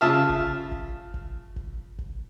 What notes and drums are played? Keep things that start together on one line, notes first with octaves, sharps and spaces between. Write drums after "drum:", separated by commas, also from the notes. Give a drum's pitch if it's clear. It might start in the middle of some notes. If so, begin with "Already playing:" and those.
C#3 F4 E5 A5 D#6 F6
drum: kick F#1
drum: kick F#1
drum: kick F#1
drum: kick F#1
drum: kick F#1